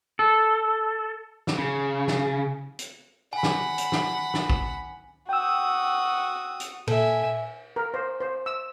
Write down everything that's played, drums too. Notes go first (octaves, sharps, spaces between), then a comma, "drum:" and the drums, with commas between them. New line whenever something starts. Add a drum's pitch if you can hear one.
A4
drum: snare
C#3
drum: snare
drum: hi-hat
F#5 G#5 B5
drum: snare
drum: hi-hat
drum: snare
drum: snare
drum: kick
F#4 G5 D#6 E6
drum: hi-hat
A#2 A4 E5 G#5, drum: cymbal
A#4
C5
C5
E6